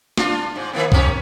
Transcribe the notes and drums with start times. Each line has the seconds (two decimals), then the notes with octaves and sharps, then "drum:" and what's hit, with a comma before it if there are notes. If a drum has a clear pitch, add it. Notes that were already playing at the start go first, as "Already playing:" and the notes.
0.18 D4 F4, drum: snare
0.56 G#2
0.73 D#3 A#3 B3
0.92 G#2 B2 C#4, drum: kick B1